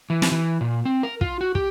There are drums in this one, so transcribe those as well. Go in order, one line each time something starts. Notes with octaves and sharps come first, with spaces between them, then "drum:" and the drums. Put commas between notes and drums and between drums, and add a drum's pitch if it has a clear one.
E3
drum: snare
E3
A#2
C4
A#4
F4, drum: kick
F#4
G4, drum: kick